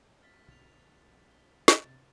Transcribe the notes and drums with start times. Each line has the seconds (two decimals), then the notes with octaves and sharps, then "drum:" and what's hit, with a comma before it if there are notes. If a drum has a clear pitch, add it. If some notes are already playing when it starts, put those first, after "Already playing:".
0.22 F6 A6 B6
0.48 B1 B2 D3 A6 F7
1.30 G7
1.68 drum: snare
1.84 C3 A6